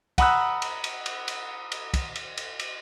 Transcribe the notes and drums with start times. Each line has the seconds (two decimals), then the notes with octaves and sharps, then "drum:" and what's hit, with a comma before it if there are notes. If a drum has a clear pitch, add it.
0.18 F#5 A#5 B5 D#6 E6 F#6, drum: kick, cymbal
0.62 drum: cymbal
0.84 drum: cymbal
1.06 drum: cymbal
1.28 drum: cymbal
1.72 drum: cymbal
1.94 drum: kick, cymbal
2.16 drum: cymbal
2.38 drum: cymbal
2.59 drum: cymbal